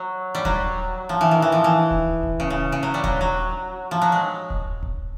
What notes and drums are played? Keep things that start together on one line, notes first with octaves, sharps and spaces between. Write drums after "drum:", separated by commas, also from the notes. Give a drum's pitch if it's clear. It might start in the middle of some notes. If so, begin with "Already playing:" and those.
Already playing: F#3
G3
F#3, drum: kick D#1
F3
E3
D#3
E3
F3
E3
drum: kick D#1
drum: kick D#1
C#3
C#3
C#3
F#3
G3
F#3, drum: kick D#1
F#3
F3
F#3
G#3
drum: kick D#1
drum: kick D#1